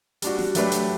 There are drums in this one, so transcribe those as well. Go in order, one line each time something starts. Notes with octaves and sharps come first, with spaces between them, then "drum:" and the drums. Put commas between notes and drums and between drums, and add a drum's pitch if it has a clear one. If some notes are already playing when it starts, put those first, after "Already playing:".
G3 D4 F#4, drum: hi-hat
drum: snare
F#3 A3 D4 G4 B4, drum: hi-hat
drum: hi-hat